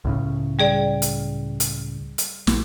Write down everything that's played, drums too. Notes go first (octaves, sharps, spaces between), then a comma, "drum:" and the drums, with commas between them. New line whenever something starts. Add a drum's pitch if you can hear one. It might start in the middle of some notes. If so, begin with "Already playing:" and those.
C#2 A2 C#3
G3 G#4 D5
drum: hi-hat
drum: hi-hat
drum: hi-hat
A#1, drum: snare